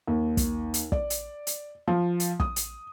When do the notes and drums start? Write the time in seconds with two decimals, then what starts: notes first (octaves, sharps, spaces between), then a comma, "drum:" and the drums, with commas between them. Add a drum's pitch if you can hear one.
0.08 D#2
0.37 drum: kick, hi-hat
0.74 drum: hi-hat
0.92 D5, drum: kick
1.10 drum: hi-hat
1.47 drum: hi-hat
1.88 F3
2.20 drum: hi-hat
2.40 D#6, drum: kick
2.56 drum: hi-hat